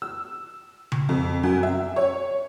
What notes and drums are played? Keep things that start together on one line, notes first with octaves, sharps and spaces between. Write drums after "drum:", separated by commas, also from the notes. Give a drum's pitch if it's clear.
E6
drum: tom C#3
F2
F#2
E5
C#5